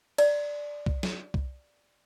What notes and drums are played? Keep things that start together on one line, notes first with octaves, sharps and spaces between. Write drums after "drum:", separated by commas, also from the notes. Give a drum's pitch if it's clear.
D5 A#5, drum: cymbal
drum: kick C2
drum: snare
drum: kick C2